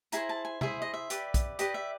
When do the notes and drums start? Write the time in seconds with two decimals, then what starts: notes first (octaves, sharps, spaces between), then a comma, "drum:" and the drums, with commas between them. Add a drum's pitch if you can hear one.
0.12 E4 G#4 C5 A#5, drum: hi-hat
0.29 A5
0.45 G#5
0.61 E4 G#4 C5 E5, drum: tom C3
0.82 D#5
0.94 E5
1.10 G4 B4 D5, drum: hi-hat
1.34 drum: kick B1, hi-hat
1.59 G4 B4 D5 D#5, drum: hi-hat
1.74 E5